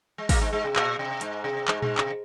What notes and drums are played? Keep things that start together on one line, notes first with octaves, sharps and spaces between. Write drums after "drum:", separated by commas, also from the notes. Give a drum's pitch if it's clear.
G#3
A#2 A#3, drum: kick, open hi-hat
G#2 G#3
G#2 G#3
C3
A#2, drum: clap
C3
G#2 G#3, drum: hi-hat
C3
G#2 G#3, drum: clap
G#2 G#3, drum: tom A#2
C3, drum: clap